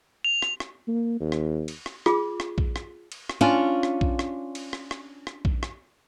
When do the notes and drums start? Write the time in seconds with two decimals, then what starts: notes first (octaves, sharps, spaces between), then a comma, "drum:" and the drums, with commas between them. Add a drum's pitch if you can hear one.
0.24 F7
0.42 drum: rim click
0.60 drum: rim click
0.88 A#3
1.20 D#2
1.32 drum: rim click
1.68 drum: cymbal
1.86 drum: rim click
2.06 F4 G#4 D6, drum: rim click
2.40 drum: rim click
2.58 drum: kick A#1
2.76 drum: rim click
3.12 drum: cymbal
3.30 drum: rim click
3.41 C#4 D4 F4
3.83 drum: rim click
4.01 drum: kick A#1
4.19 drum: rim click
4.55 drum: cymbal
4.73 drum: rim click
4.91 drum: rim click
5.27 drum: rim click
5.45 drum: kick A#1
5.63 drum: rim click